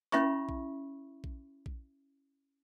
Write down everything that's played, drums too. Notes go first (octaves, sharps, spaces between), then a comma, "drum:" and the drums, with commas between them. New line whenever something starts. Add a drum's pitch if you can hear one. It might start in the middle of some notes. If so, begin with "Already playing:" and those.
C#4 E4 E5 B5 C#6, drum: snare
drum: kick A#1
drum: kick A#1
drum: kick A#1